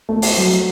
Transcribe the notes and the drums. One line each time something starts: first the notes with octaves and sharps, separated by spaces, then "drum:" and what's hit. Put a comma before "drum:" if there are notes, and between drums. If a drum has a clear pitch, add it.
A3
drum: open hi-hat
F#3